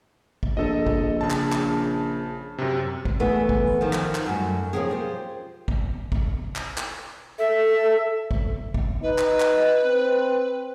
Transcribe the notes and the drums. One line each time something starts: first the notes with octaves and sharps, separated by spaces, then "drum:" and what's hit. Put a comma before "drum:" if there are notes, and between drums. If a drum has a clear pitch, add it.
drum: kick
A#1 A4 D#5
drum: kick
C#3 A5
drum: clap
drum: clap
F#2 C3
drum: kick
E3 A3 B3 G#4 B4
drum: kick
D#3 F3
drum: clap
drum: clap
F#2 G3 A3 F#4
C3 F3 A#3 C#4 G4 G#4
F4 G4 A#4 C5
drum: kick
drum: kick
drum: clap
drum: clap
A4 E5
drum: kick
drum: kick
D#4 B4
drum: clap
drum: clap
C4